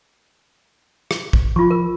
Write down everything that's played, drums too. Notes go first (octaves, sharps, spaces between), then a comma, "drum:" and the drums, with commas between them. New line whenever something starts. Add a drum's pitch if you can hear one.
drum: rim click
drum: kick
F3 F4 C#6
A#4